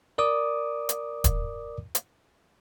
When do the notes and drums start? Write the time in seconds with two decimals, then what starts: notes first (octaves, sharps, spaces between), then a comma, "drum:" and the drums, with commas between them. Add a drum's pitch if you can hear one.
0.18 A#4 D5 D6 D#6
0.89 drum: hi-hat
1.24 drum: kick D#1, hi-hat
1.95 drum: hi-hat